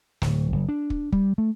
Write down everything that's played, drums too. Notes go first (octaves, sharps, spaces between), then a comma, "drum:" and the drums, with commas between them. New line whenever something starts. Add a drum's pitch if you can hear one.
D1, drum: snare
F#1
D4
drum: kick
G3, drum: kick
A3